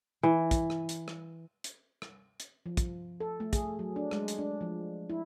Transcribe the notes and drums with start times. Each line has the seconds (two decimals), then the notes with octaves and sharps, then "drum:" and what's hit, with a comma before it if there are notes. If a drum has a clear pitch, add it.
0.23 E3
0.51 drum: kick, hi-hat
0.70 drum: rim click
0.89 drum: hi-hat
1.08 drum: rim click
1.64 drum: hi-hat
2.02 drum: rim click
2.40 drum: hi-hat
2.66 F3
2.77 drum: kick, hi-hat
3.20 A4
3.40 A3
3.53 G#4, drum: kick, hi-hat
3.79 F#3
3.96 D4
4.11 G#3, drum: rim click
4.28 drum: hi-hat
4.38 D4
4.61 F3
5.10 E4